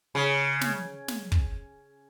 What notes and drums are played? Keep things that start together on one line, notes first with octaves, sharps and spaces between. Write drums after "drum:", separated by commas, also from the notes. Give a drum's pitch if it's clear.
C#3
drum: snare
drum: snare
drum: kick